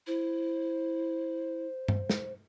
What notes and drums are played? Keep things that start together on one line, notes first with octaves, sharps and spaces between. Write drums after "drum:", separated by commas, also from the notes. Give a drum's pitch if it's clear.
E4 C5
drum: tom G2
drum: snare